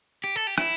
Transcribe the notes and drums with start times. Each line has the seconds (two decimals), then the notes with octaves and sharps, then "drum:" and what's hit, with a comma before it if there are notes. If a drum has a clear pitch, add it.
0.24 G4
0.36 A4
0.47 G4
0.58 E4, drum: rim click